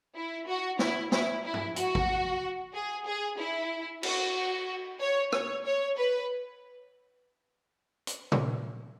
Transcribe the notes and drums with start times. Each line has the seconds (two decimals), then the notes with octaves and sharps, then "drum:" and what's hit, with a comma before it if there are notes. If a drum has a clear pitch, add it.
0.15 E4
0.47 F#4
0.79 E4, drum: snare
1.12 E4, drum: snare
1.44 E4
1.54 drum: tom
1.76 F#4, drum: hi-hat
1.95 drum: kick
2.73 G#4
3.06 G#4
3.38 E4
4.03 F#4, drum: cymbal
5.00 C#5
5.32 C#5, drum: rim click
5.65 C#5
5.97 B4
8.07 drum: hi-hat
8.32 drum: tom A#2